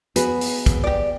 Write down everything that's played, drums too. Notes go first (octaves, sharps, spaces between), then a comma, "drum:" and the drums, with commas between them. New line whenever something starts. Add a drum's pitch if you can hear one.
B3 F#4 G#4 B4, drum: hi-hat
drum: open hi-hat
drum: kick, hi-hat
G4 D5